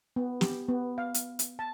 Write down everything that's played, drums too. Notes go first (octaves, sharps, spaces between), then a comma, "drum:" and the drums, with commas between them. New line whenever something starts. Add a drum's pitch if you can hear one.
B3
G4, drum: snare
B3
F5
drum: hi-hat
drum: hi-hat
A5